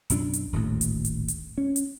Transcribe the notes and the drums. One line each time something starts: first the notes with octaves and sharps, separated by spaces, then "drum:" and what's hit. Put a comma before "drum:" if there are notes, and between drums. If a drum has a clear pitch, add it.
B1 F#2 C#4 D4, drum: hi-hat
drum: hi-hat
D#1 G#1 D2 A2
drum: hi-hat
drum: hi-hat
drum: hi-hat
C#4
drum: hi-hat